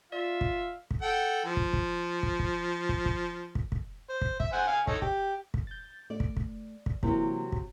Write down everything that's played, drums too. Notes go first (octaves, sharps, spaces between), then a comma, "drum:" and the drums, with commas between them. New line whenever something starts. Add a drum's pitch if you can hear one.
F4 D5 E5 F5
drum: kick
drum: kick
A4 F#5 G5
F3
drum: kick
drum: kick
drum: kick
drum: kick
drum: kick
drum: kick
drum: kick
drum: kick
C5
drum: kick
E5, drum: kick
C5 F#5 G#5
F5 G#5
D#4 A4 C#5, drum: kick
G4, drum: kick
drum: kick
G6 A6
A3 D5
drum: kick
drum: kick
drum: kick
C3 E3 F#3 A#3 E4, drum: kick
drum: kick